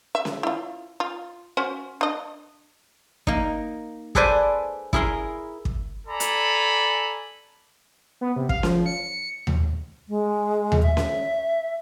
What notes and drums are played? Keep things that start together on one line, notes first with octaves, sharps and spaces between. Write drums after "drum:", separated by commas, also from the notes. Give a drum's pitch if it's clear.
E5
drum: snare C#4
E4 F4
F4
C#4 F#4 C5
D4 D#5
A#3 D#4, drum: kick
G#4 A4 B4 C5 D5 G#5, drum: kick
E4 G#4 A#4 C6, drum: kick
drum: kick
A4 D5 G#5 A#5 B5
drum: hi-hat
B3
C3
F5, drum: kick
F3, drum: snare C#4
C#7
drum: tom D#2
G#3
drum: tom D#2
E5
drum: snare C#4